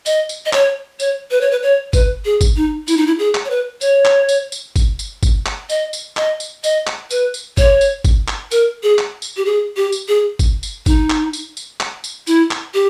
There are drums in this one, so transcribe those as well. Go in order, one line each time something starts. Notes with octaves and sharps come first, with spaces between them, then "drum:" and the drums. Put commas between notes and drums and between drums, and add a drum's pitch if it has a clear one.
D#5, drum: tambourine
drum: tambourine
D#5
C#5, drum: clap
C#5, drum: tambourine
B4
C#5
B4
C#5
B4, drum: kick G1, tambourine
G#4
drum: kick G1, tambourine
D#4
E4, drum: tambourine
D#4
E4
G#4
drum: clap
C#5
B4
C#5, drum: tambourine
drum: clap
drum: tambourine
drum: tambourine
drum: kick G1, tambourine
drum: tambourine
drum: kick G1, tambourine
drum: clap
D#5, drum: tambourine
drum: tambourine
D#5, drum: clap
drum: tambourine
D#5, drum: tambourine
drum: clap
B4, drum: tambourine
drum: tambourine
C#5, drum: kick G1, tambourine
drum: tambourine
drum: kick G1, tambourine
drum: clap
A#4, drum: tambourine
G#4
drum: clap
drum: tambourine
G4
G#4
G4
drum: tambourine
G#4
drum: kick G1, tambourine
drum: tambourine
D#4, drum: kick G1, tambourine
drum: clap
drum: tambourine
drum: tambourine
drum: clap
drum: tambourine
E4, drum: tambourine
drum: clap
G4